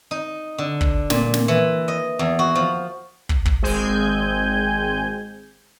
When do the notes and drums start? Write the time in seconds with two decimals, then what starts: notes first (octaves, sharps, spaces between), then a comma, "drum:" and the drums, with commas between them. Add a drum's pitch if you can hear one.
0.11 D#4
0.58 D3
0.81 drum: kick
1.10 A#2, drum: snare
1.34 drum: snare
1.48 E3
1.88 D#5
2.19 E2
2.39 F#4
2.55 F3
3.29 drum: kick
3.45 drum: kick
3.62 G#1 G#3 C4 G#5 G6